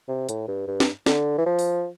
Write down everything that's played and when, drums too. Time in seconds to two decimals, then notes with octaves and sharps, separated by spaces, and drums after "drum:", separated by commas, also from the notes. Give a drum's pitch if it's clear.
0.08 C3
0.29 A2, drum: hi-hat
0.48 G2
0.67 G2
0.80 drum: snare
1.06 D3, drum: snare
1.38 E3
1.46 F3
1.59 drum: open hi-hat